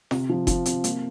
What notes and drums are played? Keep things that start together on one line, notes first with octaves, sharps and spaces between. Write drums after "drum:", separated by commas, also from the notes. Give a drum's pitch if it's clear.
C3, drum: snare F4
F3
F3, drum: kick F#1, hi-hat
C3, drum: hi-hat
A#3, drum: hi-hat